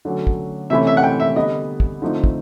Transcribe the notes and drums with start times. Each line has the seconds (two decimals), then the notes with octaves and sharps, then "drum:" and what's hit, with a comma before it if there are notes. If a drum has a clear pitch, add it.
0.05 D3 F#3 A3 C#4 F#4
0.27 drum: kick
0.70 C3 E3 A3 C#4 E4 E5
0.87 E5
0.97 F#5
1.03 G5
1.20 E5
1.36 D3 G3 B3 D#5
1.80 drum: kick
2.02 D3 F3 A3 C4 D#4
2.24 drum: kick